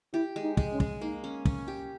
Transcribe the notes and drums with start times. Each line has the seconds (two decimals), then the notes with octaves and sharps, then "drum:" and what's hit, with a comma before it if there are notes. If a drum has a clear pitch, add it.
0.14 E4 G4
0.36 G#3
0.43 D#4
0.57 G#3, drum: kick
0.72 C#4
0.80 G#3, drum: kick
1.01 A#3 D#4
1.24 C#4
1.45 C#4, drum: kick
1.68 G4